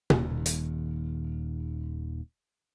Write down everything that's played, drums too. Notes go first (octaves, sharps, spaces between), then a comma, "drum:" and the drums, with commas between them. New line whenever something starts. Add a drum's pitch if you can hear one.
D#1 D#2, drum: tom B2
drum: hi-hat